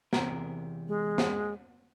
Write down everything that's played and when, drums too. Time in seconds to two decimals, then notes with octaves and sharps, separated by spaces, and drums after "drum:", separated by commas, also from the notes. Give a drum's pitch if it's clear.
0.13 E2 C3 A#4, drum: snare
0.88 G#3
1.18 drum: snare